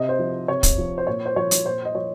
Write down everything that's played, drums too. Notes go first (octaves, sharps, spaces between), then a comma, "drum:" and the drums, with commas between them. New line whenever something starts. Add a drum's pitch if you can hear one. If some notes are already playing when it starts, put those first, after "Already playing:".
Already playing: C3 D#5
C5
F3
C3 C#5
drum: kick, hi-hat
F3
C5
A#2 C#5
C5
F3 C#5
drum: hi-hat
A#2 C5
D#5
F3 C#5